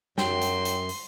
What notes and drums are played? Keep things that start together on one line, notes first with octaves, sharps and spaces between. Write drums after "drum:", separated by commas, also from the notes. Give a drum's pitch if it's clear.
F#2 F#3 G5 C6, drum: snare
drum: hi-hat
drum: hi-hat
drum: open hi-hat